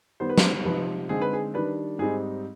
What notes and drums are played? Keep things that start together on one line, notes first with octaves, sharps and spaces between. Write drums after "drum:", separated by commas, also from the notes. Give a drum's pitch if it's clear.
D#3 G3 B3 C5
B4
C5, drum: snare
C3 F3 C4 D#4 B4
D3 G#3 C4 D#4 G#4
B4
G#4
D#3 G3 D4 B4
G#2 G3 C4 D#4 G#4